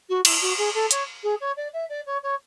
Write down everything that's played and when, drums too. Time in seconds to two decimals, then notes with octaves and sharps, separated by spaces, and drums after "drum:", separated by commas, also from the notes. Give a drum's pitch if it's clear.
0.09 F#4
0.25 E4, drum: cymbal
0.41 F#4
0.58 G#4
0.74 A4
0.91 C#5, drum: hi-hat
1.23 G#4
1.40 C#5
1.56 D5
1.73 E5
1.89 D5
2.06 C#5
2.23 C#5